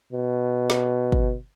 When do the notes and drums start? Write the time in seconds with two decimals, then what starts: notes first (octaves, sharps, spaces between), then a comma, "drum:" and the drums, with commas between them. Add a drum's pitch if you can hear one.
0.13 B2
0.70 drum: snare
1.12 drum: kick